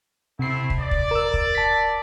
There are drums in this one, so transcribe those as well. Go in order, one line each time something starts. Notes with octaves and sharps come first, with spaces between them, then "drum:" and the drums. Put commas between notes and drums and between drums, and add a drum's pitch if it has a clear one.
C3 A3 C4 E4 C7
drum: kick
D5
drum: kick
A#4 E6
drum: kick
A5 B6